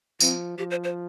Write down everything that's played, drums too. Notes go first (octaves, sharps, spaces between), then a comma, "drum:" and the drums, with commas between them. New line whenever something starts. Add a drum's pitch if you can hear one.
F3 C4, drum: tambourine
F3 G4
C5
C5